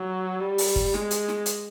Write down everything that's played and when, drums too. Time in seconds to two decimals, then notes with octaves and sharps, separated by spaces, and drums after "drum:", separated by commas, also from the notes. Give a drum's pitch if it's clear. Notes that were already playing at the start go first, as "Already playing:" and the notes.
Already playing: F#3
0.40 G3
0.58 drum: open hi-hat
0.76 drum: kick
0.94 G#3, drum: snare
1.11 drum: hi-hat
1.28 drum: snare
1.46 drum: hi-hat